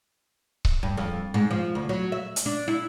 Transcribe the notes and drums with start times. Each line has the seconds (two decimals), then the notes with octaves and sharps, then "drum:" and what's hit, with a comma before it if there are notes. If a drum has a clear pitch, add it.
0.65 drum: kick C#1
0.83 G2
0.97 F2
1.34 G#2
1.51 F3
1.75 D2
1.89 F#3
2.12 E5
2.36 drum: hi-hat
2.46 D4
2.68 E4